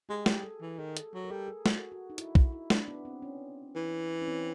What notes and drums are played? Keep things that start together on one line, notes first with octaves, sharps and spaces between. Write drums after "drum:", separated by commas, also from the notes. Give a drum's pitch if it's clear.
G#3 G4
G3 G#4, drum: snare
A4
E3
D#3 G#4
A4, drum: hi-hat
F#3
A#4
G3 A4
G#4
F#4, drum: snare
F#4
D#4
E4, drum: hi-hat
E4, drum: kick
E4
D4, drum: snare
B3
C4
C#4
E3
C#4
C4